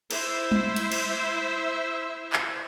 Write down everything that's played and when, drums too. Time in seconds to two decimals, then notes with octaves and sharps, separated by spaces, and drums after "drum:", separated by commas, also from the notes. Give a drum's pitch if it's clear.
0.11 E4 C5 E5, drum: cymbal
0.52 drum: tom G3
0.76 drum: cymbal
0.92 drum: cymbal
2.33 drum: clap